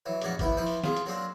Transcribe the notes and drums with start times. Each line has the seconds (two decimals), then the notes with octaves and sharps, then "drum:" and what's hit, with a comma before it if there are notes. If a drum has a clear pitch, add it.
0.06 E3 F#3
0.22 A#1 F#2 A#3 D5 F#5, drum: hi-hat
0.39 D#2 B3 E4 B4, drum: kick F#1, hi-hat
0.57 E3 F3 B4 G5 B5
0.66 drum: open hi-hat
0.84 F4 G#4, drum: snare
0.96 drum: hi-hat
1.06 F#3 A#3 C4 D4